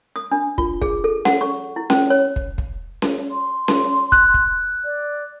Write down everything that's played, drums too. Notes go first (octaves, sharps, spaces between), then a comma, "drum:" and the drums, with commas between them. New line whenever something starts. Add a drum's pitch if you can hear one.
D#6
D4
F4, drum: kick
G#4, drum: kick
A4
F#5, drum: snare C#4
C#6
E4
C#4, drum: snare C#4
C#5
drum: kick
drum: kick
drum: snare C#4
C6
drum: snare C#4
F#6, drum: kick
drum: kick
D5